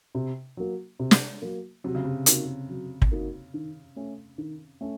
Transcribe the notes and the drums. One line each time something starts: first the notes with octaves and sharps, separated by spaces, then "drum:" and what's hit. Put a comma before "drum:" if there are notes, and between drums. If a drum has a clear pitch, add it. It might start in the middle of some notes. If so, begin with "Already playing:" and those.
C3
F#3 A#3
C3
drum: snare
F#3 A#3
C3 F#3
C#3
C3
A#3 D#4 F#4, drum: hi-hat
F#3
drum: kick
A#3 D#4 F#4
D#3
A3 C#4
D#3
A3 C#4